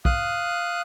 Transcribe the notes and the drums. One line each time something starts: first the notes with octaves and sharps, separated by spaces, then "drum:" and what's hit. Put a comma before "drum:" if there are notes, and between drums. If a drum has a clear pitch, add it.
F5 D#6 F#6, drum: kick